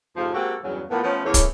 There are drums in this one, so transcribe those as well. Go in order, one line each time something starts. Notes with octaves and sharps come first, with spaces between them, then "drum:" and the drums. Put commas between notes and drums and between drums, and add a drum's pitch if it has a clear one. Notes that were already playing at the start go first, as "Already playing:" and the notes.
F2 G#2 C3 F3
G#3 A#3 C4 F#4 G4 A4
E2 G2 C#3 F#3
A2 F3 A#3 B3
F3 A3 B3 C#4
E2 E3 A3 A#3 C#4 C#5
drum: kick, hi-hat